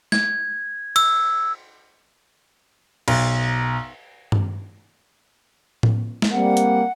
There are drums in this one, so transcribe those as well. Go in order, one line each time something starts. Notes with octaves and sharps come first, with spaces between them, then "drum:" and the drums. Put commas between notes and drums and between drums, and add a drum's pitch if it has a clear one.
G#6, drum: snare
E6, drum: cymbal
B1, drum: cymbal
drum: tom G2
drum: tom A2
drum: snare
G3 A#3 C4 F#5
drum: hi-hat